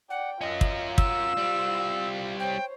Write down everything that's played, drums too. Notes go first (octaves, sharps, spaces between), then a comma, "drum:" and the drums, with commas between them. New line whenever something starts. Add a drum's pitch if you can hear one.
D5 F#5 G5
C#4 F4 A#4 D#5
drum: kick
E6, drum: kick
G3 C4
C5 C#5 G5